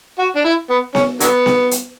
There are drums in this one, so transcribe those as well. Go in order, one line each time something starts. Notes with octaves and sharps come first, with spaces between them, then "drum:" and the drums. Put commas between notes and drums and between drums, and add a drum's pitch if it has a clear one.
F#4
D4
E4
B3
C#4, drum: snare B3
D3 F#3 B3, drum: hi-hat
drum: snare B3
drum: hi-hat